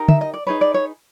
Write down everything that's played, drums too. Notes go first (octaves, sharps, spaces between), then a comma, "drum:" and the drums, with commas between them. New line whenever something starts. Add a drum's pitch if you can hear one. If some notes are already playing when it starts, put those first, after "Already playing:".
Already playing: D#4 G4 A#4
E5, drum: tom
D#5
D5
D#4 G#4 B4 C#5
D5
C#5